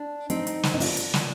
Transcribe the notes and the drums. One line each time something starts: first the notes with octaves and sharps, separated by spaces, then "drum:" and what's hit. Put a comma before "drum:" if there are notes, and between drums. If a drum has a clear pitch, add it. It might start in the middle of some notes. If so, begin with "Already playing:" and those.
Already playing: D4
C4 D#4, drum: hi-hat
drum: hi-hat
drum: snare
D#4
D4 F4, drum: open hi-hat
drum: hi-hat
drum: snare